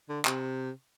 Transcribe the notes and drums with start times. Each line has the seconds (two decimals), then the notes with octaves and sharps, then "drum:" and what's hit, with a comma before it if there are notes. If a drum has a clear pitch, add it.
0.09 D3
0.25 C3, drum: clap